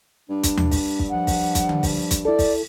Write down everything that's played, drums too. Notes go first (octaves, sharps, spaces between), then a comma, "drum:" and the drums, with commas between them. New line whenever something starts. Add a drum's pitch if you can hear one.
G2 D4
drum: kick, hi-hat
drum: tom D#2
drum: kick, open hi-hat
drum: kick
F3 F#5
drum: kick, open hi-hat
drum: kick, hi-hat
drum: tom D3
drum: kick, open hi-hat
drum: kick, hi-hat
E4 A4 D5
drum: kick, open hi-hat